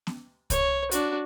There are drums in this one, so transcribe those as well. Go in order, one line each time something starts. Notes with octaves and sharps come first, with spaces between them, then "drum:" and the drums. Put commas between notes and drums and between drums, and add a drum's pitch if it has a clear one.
drum: snare
C#5, drum: kick C2, hi-hat
D4 F#4, drum: hi-hat